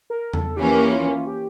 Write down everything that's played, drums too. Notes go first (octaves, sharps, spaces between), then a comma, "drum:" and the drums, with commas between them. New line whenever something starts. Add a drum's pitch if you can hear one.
A#4
A4, drum: tom E2
E3 A#3 C#4 G4
F4
G4